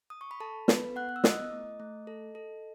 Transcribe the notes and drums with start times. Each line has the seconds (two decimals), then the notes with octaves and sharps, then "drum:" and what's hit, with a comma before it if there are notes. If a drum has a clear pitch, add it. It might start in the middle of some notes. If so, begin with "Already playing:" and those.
0.10 D#6
0.21 C#6
0.31 B5
0.40 A4 A5
0.68 B3 B4 B5, drum: snare
0.96 B3 F#5 F#6
1.09 F#6
1.16 E6
1.24 E4 D#5 D#6, drum: snare
1.51 A3
1.80 A3
2.07 A4
2.35 A4